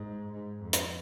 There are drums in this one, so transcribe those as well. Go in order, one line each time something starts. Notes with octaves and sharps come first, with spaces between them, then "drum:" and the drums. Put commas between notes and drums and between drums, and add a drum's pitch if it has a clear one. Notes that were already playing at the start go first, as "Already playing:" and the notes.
Already playing: G#2
G#2
F2
drum: hi-hat